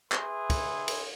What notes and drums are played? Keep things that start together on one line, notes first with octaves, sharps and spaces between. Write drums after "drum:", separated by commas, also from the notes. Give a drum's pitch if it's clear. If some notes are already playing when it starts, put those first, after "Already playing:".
G#4 B4 E5 C6, drum: clap
drum: kick, cymbal
drum: cymbal